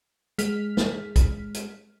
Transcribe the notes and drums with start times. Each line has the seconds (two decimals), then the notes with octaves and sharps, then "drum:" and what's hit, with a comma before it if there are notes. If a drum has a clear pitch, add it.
0.38 G#3 F6 B6, drum: hi-hat
0.77 drum: snare
1.16 drum: kick, hi-hat
1.54 drum: hi-hat